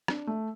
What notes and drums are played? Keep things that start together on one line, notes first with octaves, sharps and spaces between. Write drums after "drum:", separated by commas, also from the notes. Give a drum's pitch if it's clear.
D4, drum: rim click
A3